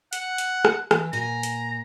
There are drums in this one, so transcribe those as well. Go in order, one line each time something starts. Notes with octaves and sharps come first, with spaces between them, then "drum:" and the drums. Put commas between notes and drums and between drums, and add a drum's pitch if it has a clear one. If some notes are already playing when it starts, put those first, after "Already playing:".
F#5, drum: hi-hat
drum: hi-hat
drum: rim click
E3, drum: rim click
A#2 G#5 A#5
drum: hi-hat